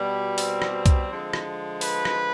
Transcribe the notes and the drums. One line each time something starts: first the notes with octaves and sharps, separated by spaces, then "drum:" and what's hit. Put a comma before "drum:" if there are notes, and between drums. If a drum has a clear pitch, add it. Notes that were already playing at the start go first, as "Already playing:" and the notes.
Already playing: B2 G3
C4, drum: open hi-hat
drum: rim click
drum: kick C2, hi-hat
D3 F3 G#3
drum: rim click
B4, drum: open hi-hat
drum: rim click